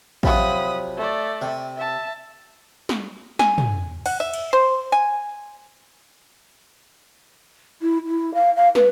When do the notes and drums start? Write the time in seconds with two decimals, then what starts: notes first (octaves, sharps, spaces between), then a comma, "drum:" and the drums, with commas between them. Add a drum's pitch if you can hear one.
0.23 C3 F3 F#3 B5 D#6, drum: kick A1
0.97 A3 D5
1.42 C3
1.76 E5 A5
2.89 drum: snare
3.39 G#5, drum: snare
3.58 drum: tom
4.06 F#5, drum: cymbal
4.20 E5
4.33 drum: cymbal
4.53 C5
4.92 G#5
7.82 E4
8.07 E4
8.34 F5
8.56 F5
8.75 B4, drum: snare